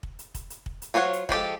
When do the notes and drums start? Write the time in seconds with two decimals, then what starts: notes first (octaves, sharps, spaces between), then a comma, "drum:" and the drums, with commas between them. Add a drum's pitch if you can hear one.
0.03 drum: kick
0.19 drum: hi-hat
0.35 drum: kick, hi-hat
0.50 drum: hi-hat
0.66 drum: kick
0.82 drum: hi-hat
0.94 F#3 F4 C5 C#5 F#5
1.13 drum: hi-hat
1.29 F3 G#3 G4 A4, drum: kick